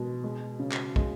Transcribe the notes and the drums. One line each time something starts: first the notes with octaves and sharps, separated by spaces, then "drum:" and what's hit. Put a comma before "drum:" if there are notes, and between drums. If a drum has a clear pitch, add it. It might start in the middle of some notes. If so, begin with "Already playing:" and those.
Already playing: B2 G#3
G#3
C#3
drum: clap
G#3, drum: kick